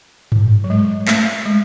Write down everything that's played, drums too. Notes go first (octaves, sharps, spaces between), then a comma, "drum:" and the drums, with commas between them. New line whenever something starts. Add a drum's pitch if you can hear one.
drum: tom G2
F#3
G#3
A3, drum: clap
G#3